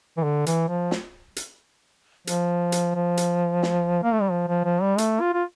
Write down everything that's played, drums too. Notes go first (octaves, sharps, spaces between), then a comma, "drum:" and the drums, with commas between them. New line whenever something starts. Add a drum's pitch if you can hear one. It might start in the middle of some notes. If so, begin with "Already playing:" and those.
E3
D3
E3, drum: hi-hat
F3
drum: snare
drum: hi-hat
F3, drum: hi-hat
drum: hi-hat
F3
drum: hi-hat
drum: snare
A#3
A3
G3
F3
F3
F3
G3
A3, drum: hi-hat
F4
F4